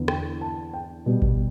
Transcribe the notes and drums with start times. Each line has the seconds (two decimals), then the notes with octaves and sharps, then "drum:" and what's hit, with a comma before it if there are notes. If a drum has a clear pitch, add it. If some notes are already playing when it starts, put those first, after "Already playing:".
Already playing: E2 D3 B3
0.08 G5, drum: rim click
0.41 A5
0.73 G5
1.06 B2 G3 B3
1.22 drum: kick G#1